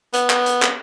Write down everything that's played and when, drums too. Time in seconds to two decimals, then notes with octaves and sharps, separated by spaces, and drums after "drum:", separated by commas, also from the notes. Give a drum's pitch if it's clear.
0.14 B3, drum: hi-hat
0.30 drum: clap
0.46 drum: hi-hat
0.62 drum: clap